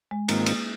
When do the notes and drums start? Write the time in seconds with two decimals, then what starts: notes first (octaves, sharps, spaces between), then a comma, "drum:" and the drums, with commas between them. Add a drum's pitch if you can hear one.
0.11 G#3
0.28 G#2 D#3 A#3 C4 F4 A#4, drum: cymbal
0.46 drum: cymbal